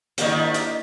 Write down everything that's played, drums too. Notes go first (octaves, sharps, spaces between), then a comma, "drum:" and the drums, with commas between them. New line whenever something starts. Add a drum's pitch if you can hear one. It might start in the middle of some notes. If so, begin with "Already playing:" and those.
G#2 D#3 G3 A#3 D4 E4 F#4 D#5, drum: hi-hat
drum: hi-hat